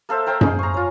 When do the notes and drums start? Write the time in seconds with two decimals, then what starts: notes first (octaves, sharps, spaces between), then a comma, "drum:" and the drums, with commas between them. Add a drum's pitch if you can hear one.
0.09 A#3 A4 C5 E5
0.26 C5 F5 G5 A#5
0.41 G#4, drum: tom F#2
0.59 A#5 C#6
0.74 F4 C#5